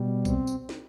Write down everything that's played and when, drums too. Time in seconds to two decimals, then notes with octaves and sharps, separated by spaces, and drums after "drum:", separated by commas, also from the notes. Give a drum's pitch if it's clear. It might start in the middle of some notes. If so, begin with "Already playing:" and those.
Already playing: B2 G3
0.25 C4, drum: kick B1, tambourine
0.47 drum: tambourine
0.69 drum: snare